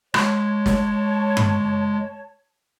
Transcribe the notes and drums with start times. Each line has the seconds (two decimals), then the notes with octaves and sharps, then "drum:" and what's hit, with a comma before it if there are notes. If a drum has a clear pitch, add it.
0.14 G#3 C#5 A5, drum: rim click
0.66 drum: snare
1.37 drum: tom G2